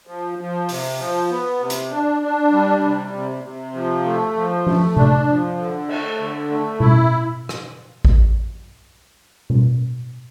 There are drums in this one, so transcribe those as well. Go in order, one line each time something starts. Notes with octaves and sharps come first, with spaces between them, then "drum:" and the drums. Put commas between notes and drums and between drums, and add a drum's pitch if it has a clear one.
F3
F3
C3, drum: open hi-hat
F3
B3
C3
drum: hi-hat
D4
D4
G3
C3
C3
C3
F3
A3
F3
A3, drum: tom F3
D4, drum: tom C3
F3
D3
A3, drum: cymbal
D3
A3
E4, drum: tom B2
drum: rim click
drum: kick A1
drum: tom B2